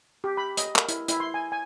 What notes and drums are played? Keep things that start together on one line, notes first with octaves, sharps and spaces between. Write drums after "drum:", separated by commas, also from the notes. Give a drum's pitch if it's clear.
G4
B5
D#5, drum: hi-hat
A#4, drum: clap
E4, drum: hi-hat
E4, drum: hi-hat
C6
G#5
G#5